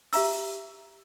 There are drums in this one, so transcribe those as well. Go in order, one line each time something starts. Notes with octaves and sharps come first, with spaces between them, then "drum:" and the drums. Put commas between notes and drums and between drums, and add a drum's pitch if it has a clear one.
G4 E5 A#5 E6, drum: open hi-hat